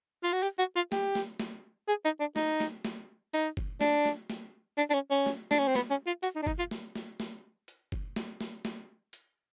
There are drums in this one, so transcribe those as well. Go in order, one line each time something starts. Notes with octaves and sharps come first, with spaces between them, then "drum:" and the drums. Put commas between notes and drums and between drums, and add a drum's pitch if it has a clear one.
F4
F#4
G4, drum: hi-hat
F#4
F4
G4, drum: snare
drum: snare
drum: snare
G#4
D#4
D4
D#4, drum: snare
drum: snare
drum: snare
D#4, drum: hi-hat
drum: kick F#1
D4, drum: snare
drum: snare
drum: snare
D4, drum: hi-hat
D4
C#4
C#4
drum: snare
D4, drum: snare
C#4
C4
B3, drum: snare
C#4
F4
F#4, drum: hi-hat
D#4
D4
D#4, drum: kick F#1
F4
drum: snare
drum: snare
drum: snare
drum: hi-hat
drum: kick F#1
drum: snare
drum: snare
drum: snare
drum: hi-hat